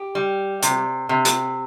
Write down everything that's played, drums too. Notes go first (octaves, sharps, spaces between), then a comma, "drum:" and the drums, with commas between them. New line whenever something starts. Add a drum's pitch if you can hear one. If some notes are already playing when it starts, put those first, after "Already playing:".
Already playing: G4
G3
C3, drum: hi-hat
C3
drum: hi-hat